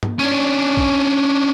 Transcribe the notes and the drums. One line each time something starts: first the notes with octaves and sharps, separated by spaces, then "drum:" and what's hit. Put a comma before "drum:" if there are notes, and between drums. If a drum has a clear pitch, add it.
drum: tom
C#4 D4
drum: kick